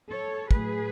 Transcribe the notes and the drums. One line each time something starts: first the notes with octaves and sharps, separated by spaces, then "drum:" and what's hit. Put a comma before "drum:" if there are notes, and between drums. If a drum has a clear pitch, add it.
A4 C#5
A2 F#3 G#4 B4, drum: kick